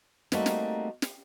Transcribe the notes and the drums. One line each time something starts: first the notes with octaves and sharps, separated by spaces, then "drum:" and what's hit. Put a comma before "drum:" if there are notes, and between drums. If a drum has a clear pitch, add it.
G3 A3 A#3 C4 D#4 F#4, drum: snare
drum: snare
drum: snare